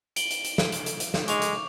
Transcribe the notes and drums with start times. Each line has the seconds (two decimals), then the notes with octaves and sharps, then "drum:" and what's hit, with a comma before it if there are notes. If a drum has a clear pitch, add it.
0.16 D7 F#7 G7, drum: hi-hat
0.30 drum: hi-hat
0.44 drum: hi-hat
0.58 drum: snare
0.72 drum: hi-hat
0.86 drum: hi-hat
1.00 drum: hi-hat
1.14 drum: snare
1.28 G#3 C#6 D6 F7, drum: hi-hat
1.42 drum: hi-hat